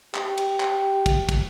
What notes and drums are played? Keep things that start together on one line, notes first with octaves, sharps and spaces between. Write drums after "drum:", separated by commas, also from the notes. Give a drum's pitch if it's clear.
G4, drum: clap
drum: cymbal
drum: clap
drum: kick, cymbal
drum: kick, cymbal